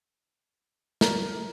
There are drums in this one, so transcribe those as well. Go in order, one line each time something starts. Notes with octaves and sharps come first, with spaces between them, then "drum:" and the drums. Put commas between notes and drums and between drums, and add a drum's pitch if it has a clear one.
A#4, drum: snare